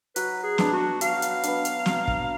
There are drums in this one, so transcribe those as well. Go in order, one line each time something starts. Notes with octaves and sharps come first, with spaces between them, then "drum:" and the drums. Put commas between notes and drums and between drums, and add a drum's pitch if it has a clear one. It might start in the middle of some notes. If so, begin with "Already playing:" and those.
F#3 B4, drum: hi-hat
G#4
B3 D4, drum: snare
F#4
F#3 F5, drum: hi-hat
drum: hi-hat
B3 D4, drum: hi-hat
drum: hi-hat
F#3, drum: snare
drum: kick